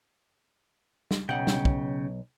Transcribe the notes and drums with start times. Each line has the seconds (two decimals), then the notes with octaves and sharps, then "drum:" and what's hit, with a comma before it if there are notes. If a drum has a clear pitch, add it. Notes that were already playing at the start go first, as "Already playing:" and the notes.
1.11 drum: snare
1.29 B1 C#3 F#5 G5
1.47 drum: snare
1.65 drum: kick